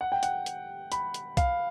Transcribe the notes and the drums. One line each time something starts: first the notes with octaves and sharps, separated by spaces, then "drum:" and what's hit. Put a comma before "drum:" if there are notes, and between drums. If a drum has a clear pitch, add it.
F#5
G5
F#5, drum: hi-hat
drum: hi-hat
B5, drum: hi-hat
drum: hi-hat
F5, drum: kick B1, hi-hat